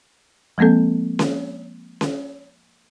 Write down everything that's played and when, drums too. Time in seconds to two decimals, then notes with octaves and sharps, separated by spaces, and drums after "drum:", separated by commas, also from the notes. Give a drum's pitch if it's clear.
0.58 F3 G#3 A#3 C4 A4
1.19 drum: snare C#4
2.01 drum: snare C#4